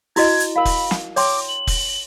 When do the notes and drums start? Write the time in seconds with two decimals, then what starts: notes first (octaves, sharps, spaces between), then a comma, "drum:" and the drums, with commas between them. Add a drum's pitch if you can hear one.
0.16 E4 F#4 D#5 G#6, drum: open hi-hat
0.40 drum: hi-hat
0.56 A#4 F5 B5
0.65 drum: kick, open hi-hat
0.91 drum: snare
1.16 C#5 G5 C6 D6, drum: open hi-hat
1.48 F#7
1.67 drum: kick, open hi-hat